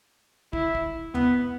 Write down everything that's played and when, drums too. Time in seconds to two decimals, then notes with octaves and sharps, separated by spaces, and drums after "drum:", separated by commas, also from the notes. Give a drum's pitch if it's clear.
0.53 E4, drum: kick
0.75 drum: kick
1.15 B3, drum: tom